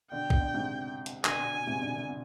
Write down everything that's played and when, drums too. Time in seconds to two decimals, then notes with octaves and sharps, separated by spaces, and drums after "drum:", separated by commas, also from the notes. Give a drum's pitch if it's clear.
0.12 B2 D3 G5
0.30 drum: kick A#1
0.40 B2 D3
0.54 G#2 C3
1.06 drum: hi-hat
1.25 B2 D3 G#5, drum: clap
1.39 B2
1.54 B2
1.67 G#2 C3
1.81 B2 D3
1.95 B2 D3
2.09 B2